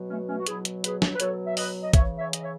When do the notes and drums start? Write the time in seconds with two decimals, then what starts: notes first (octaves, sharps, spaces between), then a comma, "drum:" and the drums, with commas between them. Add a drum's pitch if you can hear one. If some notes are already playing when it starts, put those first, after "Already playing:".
Already playing: B2 F#3
0.10 A3 C#4
0.29 A3 C#4
0.39 F#4
0.47 B2 F#3 E4 G#4, drum: hi-hat
0.65 drum: hi-hat
0.84 G#4 B4, drum: hi-hat
1.02 drum: snare
1.16 B4
1.20 B2 F#3 A4 C#5, drum: hi-hat
1.47 E5
1.57 B4 D#5, drum: open hi-hat
1.83 D#5
1.93 C#3 E3 C#5 E5, drum: kick, hi-hat
2.18 C#5 E5
2.33 D#5, drum: hi-hat
2.43 C#5 E5